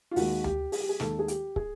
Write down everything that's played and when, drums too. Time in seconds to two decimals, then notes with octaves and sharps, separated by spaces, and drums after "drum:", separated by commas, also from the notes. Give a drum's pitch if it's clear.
0.11 F4
0.16 D#2 D#3 G#3 F#4, drum: open hi-hat
0.44 G4, drum: tom D2
0.72 G#4, drum: open hi-hat
0.80 G4
0.89 G#4
1.00 D#2 D#3 G#3 A4, drum: snare
1.19 G#4
1.28 G4, drum: hi-hat
1.56 G#4, drum: kick